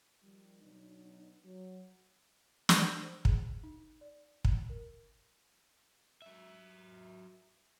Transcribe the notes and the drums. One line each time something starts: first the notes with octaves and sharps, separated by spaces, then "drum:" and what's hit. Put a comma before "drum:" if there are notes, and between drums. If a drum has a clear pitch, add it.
D#3 F3 G3
B2 F#3 B3 D4 D#4
F#3
drum: snare
C5
G#4, drum: kick
D#4
D5
drum: kick
A#4
F#3 E5